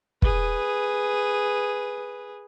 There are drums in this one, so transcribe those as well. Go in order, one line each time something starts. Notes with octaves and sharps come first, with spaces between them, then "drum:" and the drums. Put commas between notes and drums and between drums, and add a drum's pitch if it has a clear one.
G#4 B4, drum: kick